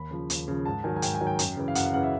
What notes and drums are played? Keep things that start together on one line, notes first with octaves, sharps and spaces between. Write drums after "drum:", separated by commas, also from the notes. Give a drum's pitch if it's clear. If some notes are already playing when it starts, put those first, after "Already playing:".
Already playing: D#2 B5
C#3 F3
D#2, drum: hi-hat
C#3 F3
G#2 A5
D#3 F#3 G#5
G#5
G#2 G5, drum: hi-hat
G#5
D#3 F#3
G5
F#2, drum: hi-hat
C#3 E3
F5
F#2 F#5, drum: hi-hat
F5
C#3 E3 F#5
E5